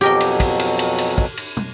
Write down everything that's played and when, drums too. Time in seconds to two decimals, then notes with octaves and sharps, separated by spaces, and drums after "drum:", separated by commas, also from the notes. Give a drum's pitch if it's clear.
0.01 F2 B2 F#3 G4 A#4 D#5
0.20 drum: cymbal
0.40 drum: kick, cymbal
0.59 drum: cymbal
0.79 drum: cymbal
0.98 drum: cymbal
1.18 drum: kick
1.37 drum: cymbal
1.57 drum: tom